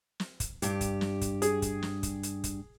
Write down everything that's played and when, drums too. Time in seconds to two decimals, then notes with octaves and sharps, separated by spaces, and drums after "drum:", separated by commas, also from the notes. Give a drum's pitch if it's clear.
0.20 drum: snare
0.40 drum: kick, hi-hat
0.62 G2 G4, drum: hi-hat
0.81 drum: kick, hi-hat
1.01 drum: snare
1.21 drum: kick, hi-hat
1.42 G#4, drum: hi-hat
1.62 drum: kick, hi-hat
1.83 drum: snare
2.03 drum: kick, hi-hat
2.23 drum: hi-hat
2.44 drum: kick, hi-hat